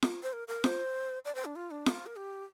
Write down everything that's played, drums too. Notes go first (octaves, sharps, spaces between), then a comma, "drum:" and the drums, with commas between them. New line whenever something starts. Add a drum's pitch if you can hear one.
drum: snare F4
C5
A#4
A#4
C5, drum: snare F4
D5
C5
D4
F4
D4
F4, drum: snare F4
A#4
G4